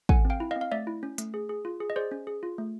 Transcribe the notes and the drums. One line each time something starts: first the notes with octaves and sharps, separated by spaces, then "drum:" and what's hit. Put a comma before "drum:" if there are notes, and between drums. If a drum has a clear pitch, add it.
A4 F#5 G#5, drum: kick
C4
F5 G5
E4
D#5 F5
C4
F5
A3 D5 E5
E4
C#4
A3, drum: hi-hat
G#4
G#4
F4
G#4
D#5
G#4 C5 D5
C#4
G#4
F4
A3